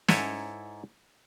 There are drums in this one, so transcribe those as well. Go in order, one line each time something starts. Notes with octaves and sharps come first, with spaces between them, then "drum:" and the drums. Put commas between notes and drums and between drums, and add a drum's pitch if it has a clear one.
G#2 E4 A4 C#5 G#5 A#5, drum: snare